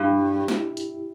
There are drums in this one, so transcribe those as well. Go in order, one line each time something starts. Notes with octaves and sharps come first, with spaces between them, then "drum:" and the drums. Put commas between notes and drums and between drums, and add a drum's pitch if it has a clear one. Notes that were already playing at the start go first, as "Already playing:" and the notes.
Already playing: G2 E4 G4
G3
G4
E4, drum: snare
drum: hi-hat